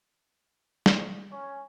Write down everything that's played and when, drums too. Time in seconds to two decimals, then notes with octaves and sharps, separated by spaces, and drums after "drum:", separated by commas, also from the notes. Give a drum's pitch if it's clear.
0.86 drum: snare
1.31 C#4